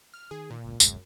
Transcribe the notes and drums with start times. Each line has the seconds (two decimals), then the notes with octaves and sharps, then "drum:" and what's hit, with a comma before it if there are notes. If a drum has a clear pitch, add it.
0.14 F6
0.31 D#3 G#4
0.50 A#2
0.65 G1 C#2
0.80 D1 B1 F#2 G#3, drum: tambourine